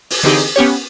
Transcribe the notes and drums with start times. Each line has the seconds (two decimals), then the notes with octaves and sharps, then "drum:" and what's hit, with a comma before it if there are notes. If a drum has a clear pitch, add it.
0.10 drum: open hi-hat
0.23 D3 E3 C4 D#4 G4 G#4
0.56 B3 C#4 G4 C#5